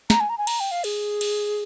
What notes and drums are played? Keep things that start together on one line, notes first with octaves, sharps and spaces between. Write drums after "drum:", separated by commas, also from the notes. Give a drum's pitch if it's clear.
A#5, drum: snare
G#5
A#5
G#5
A#5, drum: cymbal
G5
F5
G#4, drum: cymbal
drum: cymbal